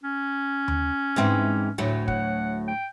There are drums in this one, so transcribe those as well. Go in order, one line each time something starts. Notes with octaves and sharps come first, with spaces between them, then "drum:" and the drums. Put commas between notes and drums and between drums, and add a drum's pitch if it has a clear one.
C#4
drum: tom D#2
G#2 E3 C4
D2 A2 F#3
F#5, drum: kick
G5